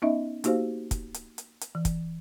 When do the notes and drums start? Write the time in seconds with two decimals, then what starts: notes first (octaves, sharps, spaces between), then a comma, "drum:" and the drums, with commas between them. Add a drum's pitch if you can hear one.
0.02 B3 C#4 D#4 D#5 E5
0.44 A#3 D#4 F#4 G4 C5 F5, drum: hi-hat
0.91 drum: kick, hi-hat
1.14 drum: hi-hat
1.38 drum: hi-hat
1.61 drum: hi-hat
1.75 E3
1.85 drum: kick, hi-hat